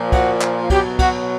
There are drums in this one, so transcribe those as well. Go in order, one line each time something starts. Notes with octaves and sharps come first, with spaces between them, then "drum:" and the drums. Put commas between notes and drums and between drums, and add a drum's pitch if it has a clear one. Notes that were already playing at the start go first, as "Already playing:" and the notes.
Already playing: A#2 F3
F#4, drum: kick, cymbal
drum: clap
B2 F#3 G4, drum: kick, cymbal
F#4, drum: kick, cymbal